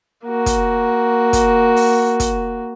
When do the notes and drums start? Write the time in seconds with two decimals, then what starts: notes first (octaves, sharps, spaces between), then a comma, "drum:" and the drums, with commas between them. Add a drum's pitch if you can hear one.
0.25 A#3 F#4
0.46 drum: kick, hi-hat
1.33 drum: kick, hi-hat
1.76 drum: open hi-hat
2.20 drum: kick, hi-hat